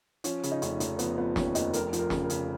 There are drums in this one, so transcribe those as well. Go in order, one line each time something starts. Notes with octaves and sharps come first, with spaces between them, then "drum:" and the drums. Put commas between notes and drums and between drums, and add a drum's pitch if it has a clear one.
F3 C#4, drum: hi-hat
C#3, drum: hi-hat
D#4
F1 C#4, drum: hi-hat
F1, drum: hi-hat
F3 B3, drum: hi-hat
F3 B3
D#2 C#4, drum: snare
F1 D#4, drum: hi-hat
F2 A#4, drum: hi-hat
F3, drum: hi-hat
A#4
C#3, drum: snare
A#4
C#3, drum: hi-hat